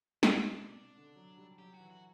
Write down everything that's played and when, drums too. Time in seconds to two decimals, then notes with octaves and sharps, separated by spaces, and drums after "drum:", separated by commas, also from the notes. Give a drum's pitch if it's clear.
0.23 C3 C4, drum: snare
0.31 B2 D4
0.52 C3
0.95 D3
1.16 F#3
1.37 G3
1.58 F#3 G4
1.74 F#4
1.80 E3
1.90 F#4